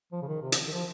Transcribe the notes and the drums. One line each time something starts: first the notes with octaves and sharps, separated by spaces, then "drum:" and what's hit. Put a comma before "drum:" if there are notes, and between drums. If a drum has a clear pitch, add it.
F3
C#3
D#3
C3
drum: hi-hat
D#3
F3